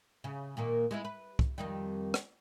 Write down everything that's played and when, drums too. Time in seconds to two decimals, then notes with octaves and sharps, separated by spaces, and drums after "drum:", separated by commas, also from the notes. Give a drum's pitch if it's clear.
0.24 C#3
0.57 A#2 D#3 A#3
0.91 G#3 B3 E4
1.05 B4
1.39 drum: kick
1.58 F2 D#3 G3
2.14 drum: rim click